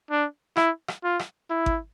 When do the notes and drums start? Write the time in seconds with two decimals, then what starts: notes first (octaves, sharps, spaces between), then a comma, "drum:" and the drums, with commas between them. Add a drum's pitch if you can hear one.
0.11 D4
0.57 E4, drum: rim click
0.88 drum: rim click
1.04 F4
1.19 drum: rim click
1.50 E4
1.66 drum: kick G#1